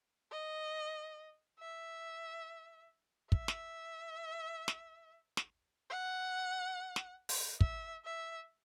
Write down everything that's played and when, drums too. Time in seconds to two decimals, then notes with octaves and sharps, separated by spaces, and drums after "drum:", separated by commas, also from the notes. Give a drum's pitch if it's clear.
0.31 D#5
1.60 E5
3.32 E5, drum: kick
3.48 drum: snare
4.68 drum: snare
5.37 drum: snare
5.89 F#5
6.96 drum: snare
7.29 drum: open hi-hat
7.61 E5, drum: kick
8.04 E5